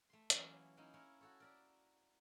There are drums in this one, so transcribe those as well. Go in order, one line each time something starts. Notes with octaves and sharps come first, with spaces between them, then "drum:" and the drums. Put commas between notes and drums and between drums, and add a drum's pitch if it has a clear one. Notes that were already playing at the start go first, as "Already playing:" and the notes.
A3 C6
E3 F#3 A#3 C#4 E4 G4, drum: hi-hat
G#3 A#3 C#4 D#4 E4
E4 A#4 C#5
F#4 A4 C#5
A#4 D5 E5